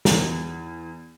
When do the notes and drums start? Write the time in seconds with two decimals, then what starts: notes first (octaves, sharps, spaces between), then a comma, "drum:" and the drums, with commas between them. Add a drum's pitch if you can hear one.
0.05 E2, drum: snare